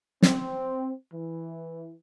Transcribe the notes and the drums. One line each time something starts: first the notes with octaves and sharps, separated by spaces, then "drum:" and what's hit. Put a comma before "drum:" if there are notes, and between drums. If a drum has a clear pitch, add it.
C4, drum: snare
E3